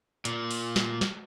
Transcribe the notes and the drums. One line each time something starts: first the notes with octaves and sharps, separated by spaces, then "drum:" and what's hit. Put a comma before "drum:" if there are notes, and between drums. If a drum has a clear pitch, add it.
A#2, drum: hi-hat
drum: open hi-hat
drum: snare
drum: snare